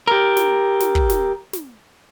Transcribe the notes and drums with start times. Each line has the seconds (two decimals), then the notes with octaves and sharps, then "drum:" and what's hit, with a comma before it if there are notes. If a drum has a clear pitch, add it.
0.07 G4 A#4
0.37 drum: snare
0.80 drum: snare
0.95 drum: kick
1.10 drum: snare
1.53 drum: snare